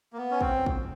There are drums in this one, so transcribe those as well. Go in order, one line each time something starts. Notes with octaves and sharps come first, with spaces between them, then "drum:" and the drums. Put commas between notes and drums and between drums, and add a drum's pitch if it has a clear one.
A#3
B3
C#4
C4, drum: kick
drum: kick